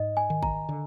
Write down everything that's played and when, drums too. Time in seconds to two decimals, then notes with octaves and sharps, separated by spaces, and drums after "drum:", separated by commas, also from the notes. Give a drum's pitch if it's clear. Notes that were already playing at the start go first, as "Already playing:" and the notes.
Already playing: G#2 D#5
0.17 G#5
0.30 D#3
0.43 A#5, drum: kick G#1
0.69 D3